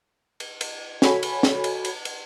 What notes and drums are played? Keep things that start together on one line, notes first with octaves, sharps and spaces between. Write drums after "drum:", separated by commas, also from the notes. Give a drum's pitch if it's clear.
drum: cymbal
drum: cymbal
F#4 A4 C#5 G#5 B5, drum: snare
drum: cymbal
drum: snare
drum: cymbal
drum: cymbal
drum: cymbal